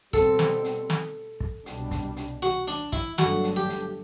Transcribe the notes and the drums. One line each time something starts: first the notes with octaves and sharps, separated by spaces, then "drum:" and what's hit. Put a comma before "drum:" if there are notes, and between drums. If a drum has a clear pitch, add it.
B2 G3 C4 A4, drum: kick, hi-hat
drum: snare
drum: hi-hat
drum: snare
drum: kick
C2 B2 G3 D4, drum: hi-hat
drum: kick, hi-hat
drum: hi-hat
F#4, drum: hi-hat
D4, drum: hi-hat
E4, drum: kick, hi-hat
G1 G2 F#3 A3 D4 F#4, drum: snare
drum: hi-hat
G4
drum: hi-hat